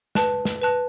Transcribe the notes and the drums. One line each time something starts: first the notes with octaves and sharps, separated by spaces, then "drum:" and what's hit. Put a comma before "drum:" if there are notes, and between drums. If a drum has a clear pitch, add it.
B4 A5 F#6, drum: snare
drum: snare
B4 A5 F#6